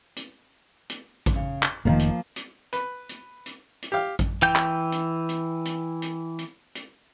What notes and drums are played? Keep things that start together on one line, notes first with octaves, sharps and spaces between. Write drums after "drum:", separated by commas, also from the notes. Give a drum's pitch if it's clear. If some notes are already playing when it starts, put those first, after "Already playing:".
drum: hi-hat
drum: hi-hat
drum: kick A1, hi-hat
C#3
drum: clap
F1 A2 D#3 F3 A#3
drum: hi-hat
drum: hi-hat
B4, drum: hi-hat
drum: hi-hat
drum: hi-hat
drum: hi-hat
G4 F5
drum: kick A1, hi-hat
E3 G5 G6
drum: clap
drum: hi-hat
drum: hi-hat
drum: hi-hat
drum: hi-hat
drum: hi-hat
drum: hi-hat